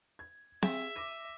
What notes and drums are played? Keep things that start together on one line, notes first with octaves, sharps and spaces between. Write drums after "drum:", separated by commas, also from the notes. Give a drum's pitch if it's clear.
G#6
G#4 E5, drum: snare C4
D6 A#6 D#7